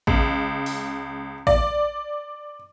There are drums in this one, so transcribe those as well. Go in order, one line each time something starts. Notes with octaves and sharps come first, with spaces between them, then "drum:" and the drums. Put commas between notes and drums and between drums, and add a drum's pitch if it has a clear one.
C#2, drum: kick A1
drum: open hi-hat
D5, drum: kick A1